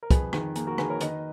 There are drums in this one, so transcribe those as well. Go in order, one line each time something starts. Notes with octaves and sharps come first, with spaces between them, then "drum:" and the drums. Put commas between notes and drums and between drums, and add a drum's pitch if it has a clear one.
A#4
F2 G#4 B4, drum: kick, hi-hat
D#3 G#4, drum: rim click
A#3 G#4, drum: hi-hat
F#4 A#4
D#3 G#4 B4, drum: rim click
A#4 C#5
D#3 B4 D#5, drum: hi-hat